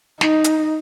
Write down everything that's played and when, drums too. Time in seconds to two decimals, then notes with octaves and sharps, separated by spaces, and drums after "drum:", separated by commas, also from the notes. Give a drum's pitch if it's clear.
0.21 D#4, drum: snare
0.44 drum: hi-hat